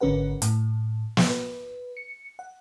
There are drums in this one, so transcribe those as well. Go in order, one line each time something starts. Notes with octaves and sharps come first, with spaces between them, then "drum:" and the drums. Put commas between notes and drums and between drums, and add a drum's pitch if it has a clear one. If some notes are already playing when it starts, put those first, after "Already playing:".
G#1 D3 C#4 A#4 B4 F#5
A2, drum: hi-hat
drum: snare
B4
C#7
F#5